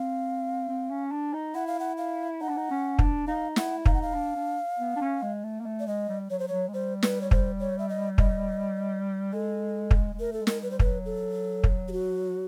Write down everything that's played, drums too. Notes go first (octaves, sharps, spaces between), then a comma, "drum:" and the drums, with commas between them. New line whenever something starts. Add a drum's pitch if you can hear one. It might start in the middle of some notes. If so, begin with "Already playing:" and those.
Already playing: C4 F5
C4
C#4
D4
D#4
E4 F#5
F5
F#5
F5
D#4 F#5
D4
D#4
C#4
D4, drum: kick
D#4 F5
E4 F#5, drum: snare
D#4 F5, drum: kick
F#5
F5
D4
D4
B3
D4
C#4
G#3
A3
A#3
A3
D5
G#3 D#5
G3
F#3 C#5
C5
F#3 C#5
G#3
G3 C5
B4, drum: snare
C#5
C5, drum: kick
C#5
E5
D#5
D#5, drum: kick
G#3 A4
drum: kick
G#3
A3 A#4
A4
G#3
A#4, drum: snare
G3 B4
C5
B4, drum: kick
F#3
A4
drum: kick
G4
F#4